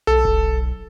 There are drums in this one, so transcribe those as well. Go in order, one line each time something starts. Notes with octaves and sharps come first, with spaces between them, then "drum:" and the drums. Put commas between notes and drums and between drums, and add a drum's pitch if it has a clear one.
B1 A4
drum: kick E1